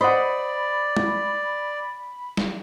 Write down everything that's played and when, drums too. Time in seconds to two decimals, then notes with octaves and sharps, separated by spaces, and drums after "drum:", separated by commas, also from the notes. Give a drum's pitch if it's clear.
0.01 C5 D5 D#5 F#5 B5
0.97 drum: tom G#3
2.37 drum: snare